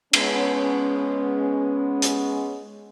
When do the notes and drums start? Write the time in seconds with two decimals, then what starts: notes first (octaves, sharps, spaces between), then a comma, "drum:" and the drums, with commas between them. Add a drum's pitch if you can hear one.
0.13 G#3 B3 C#4, drum: cymbal
2.02 drum: hi-hat